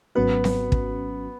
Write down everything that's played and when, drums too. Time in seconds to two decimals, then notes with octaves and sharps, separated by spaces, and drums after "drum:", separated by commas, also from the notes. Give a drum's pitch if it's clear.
0.15 G#1 G#2 F#3 B3 C#4 F#4
0.44 drum: snare C4
0.72 drum: kick